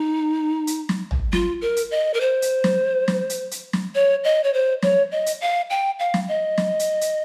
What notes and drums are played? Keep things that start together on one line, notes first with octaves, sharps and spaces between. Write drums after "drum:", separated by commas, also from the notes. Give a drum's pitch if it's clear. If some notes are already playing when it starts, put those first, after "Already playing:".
Already playing: D#4
drum: hi-hat
drum: snare
drum: tom
F4, drum: snare
A#4
drum: hi-hat
D#5
A#4
C5
drum: hi-hat
drum: snare
drum: snare
drum: hi-hat
drum: hi-hat
drum: snare
C#5
D#5
C#5
C5
C#5, drum: snare
D#5
drum: hi-hat
F5
G5
F5
drum: snare
D#5
drum: snare
drum: hi-hat
drum: hi-hat